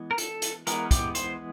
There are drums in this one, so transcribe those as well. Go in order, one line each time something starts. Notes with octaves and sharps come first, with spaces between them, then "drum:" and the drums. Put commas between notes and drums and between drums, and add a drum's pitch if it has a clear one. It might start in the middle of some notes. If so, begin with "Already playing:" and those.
Already playing: E3 G#3 B3
A#4
A4, drum: hi-hat
drum: hi-hat
E3 G#3 B3 A#4, drum: hi-hat
G4, drum: kick, hi-hat
C5, drum: hi-hat